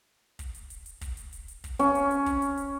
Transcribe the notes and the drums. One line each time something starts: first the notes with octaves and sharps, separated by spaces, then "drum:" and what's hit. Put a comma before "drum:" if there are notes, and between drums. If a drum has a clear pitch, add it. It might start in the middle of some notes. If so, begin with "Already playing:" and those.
drum: kick, hi-hat
drum: hi-hat
drum: hi-hat
drum: hi-hat
drum: kick, hi-hat
drum: hi-hat
drum: hi-hat
drum: hi-hat
drum: kick, hi-hat
C#4, drum: hi-hat
drum: hi-hat
drum: hi-hat
drum: kick, hi-hat
drum: hi-hat
drum: hi-hat